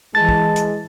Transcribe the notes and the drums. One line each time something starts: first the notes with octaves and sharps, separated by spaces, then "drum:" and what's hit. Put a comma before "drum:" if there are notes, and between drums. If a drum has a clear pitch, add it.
E3 G#3 A5 A6
drum: kick
drum: hi-hat